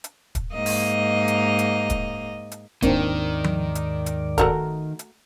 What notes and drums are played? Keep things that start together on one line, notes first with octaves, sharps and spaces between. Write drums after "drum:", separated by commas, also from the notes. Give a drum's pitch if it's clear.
drum: hi-hat
drum: kick, hi-hat
G#2 A#3 D#5
drum: open hi-hat
drum: hi-hat
drum: hi-hat
drum: kick, hi-hat
drum: hi-hat
D#2 G#2 D#3 A#3 C4 D4 D5, drum: kick, hi-hat
drum: tom F3
drum: hi-hat
drum: hi-hat
A3 F#4 A#4, drum: kick, hi-hat
drum: hi-hat